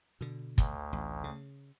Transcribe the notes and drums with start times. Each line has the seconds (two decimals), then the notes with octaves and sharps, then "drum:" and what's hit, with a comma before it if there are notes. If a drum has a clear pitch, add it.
0.21 B2 D3
0.58 D2, drum: kick, hi-hat
0.93 A1
1.24 C#3